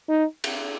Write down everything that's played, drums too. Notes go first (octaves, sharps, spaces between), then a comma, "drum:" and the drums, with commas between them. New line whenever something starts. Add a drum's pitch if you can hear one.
D#4
drum: cymbal